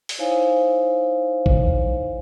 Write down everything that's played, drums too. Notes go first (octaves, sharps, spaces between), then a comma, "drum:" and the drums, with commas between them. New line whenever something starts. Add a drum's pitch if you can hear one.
drum: open hi-hat
D#4 E4 C5 C#5 F5 G#5
drum: kick A#1